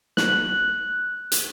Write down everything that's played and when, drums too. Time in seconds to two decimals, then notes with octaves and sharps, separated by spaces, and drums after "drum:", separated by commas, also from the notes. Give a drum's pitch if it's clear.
0.17 F#6, drum: snare
1.32 drum: hi-hat